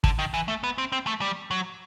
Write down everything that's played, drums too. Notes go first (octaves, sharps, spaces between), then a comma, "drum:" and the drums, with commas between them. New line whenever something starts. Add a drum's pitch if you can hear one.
D3, drum: kick
D#3
E3
A3
B3
C4
C4
A3
G3
F#3